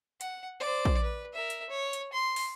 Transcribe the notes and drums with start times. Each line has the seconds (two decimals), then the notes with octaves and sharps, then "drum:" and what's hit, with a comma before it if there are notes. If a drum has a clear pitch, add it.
0.21 F#5, drum: hi-hat
0.60 C5 D5
0.85 drum: kick
1.02 B4
1.33 A#4 E5
1.50 drum: hi-hat
1.69 C#5
1.93 drum: hi-hat
2.12 C6
2.36 drum: open hi-hat